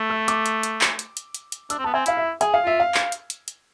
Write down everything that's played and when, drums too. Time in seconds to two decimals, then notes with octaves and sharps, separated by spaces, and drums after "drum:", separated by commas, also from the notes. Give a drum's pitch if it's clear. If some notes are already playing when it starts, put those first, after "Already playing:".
Already playing: A3
0.10 E6
0.28 D6, drum: hi-hat
0.46 drum: hi-hat
0.63 drum: hi-hat
0.81 drum: clap
0.99 drum: hi-hat
1.17 drum: hi-hat
1.34 drum: hi-hat
1.52 drum: hi-hat
1.70 D4 E6, drum: hi-hat
1.78 C4
1.84 B3 A5
1.94 C4 G#5
2.06 E4 F5, drum: hi-hat
2.17 E5
2.41 G#4 G#5, drum: hi-hat
2.54 F5
2.64 F4 E5
2.80 F5
2.94 drum: clap
3.12 drum: hi-hat
3.30 drum: hi-hat
3.48 drum: hi-hat